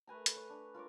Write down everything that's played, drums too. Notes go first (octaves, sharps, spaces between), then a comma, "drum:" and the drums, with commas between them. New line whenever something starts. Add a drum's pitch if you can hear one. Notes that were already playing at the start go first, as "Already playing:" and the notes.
A3 B4 G#5 A#5
drum: hi-hat
C#5
D4
F4 A#4 C#5 D6